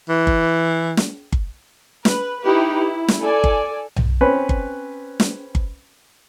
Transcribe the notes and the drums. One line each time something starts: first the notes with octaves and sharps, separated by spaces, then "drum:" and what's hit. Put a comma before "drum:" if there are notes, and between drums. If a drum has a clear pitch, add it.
E3
drum: kick G1
drum: snare
drum: kick G1
B4, drum: snare
D#4 E4 G4 B4
E4
drum: snare
A4 D5 G#5
drum: kick G1
drum: tom B1
C4 C#4 B4
drum: kick G1
drum: snare
drum: kick G1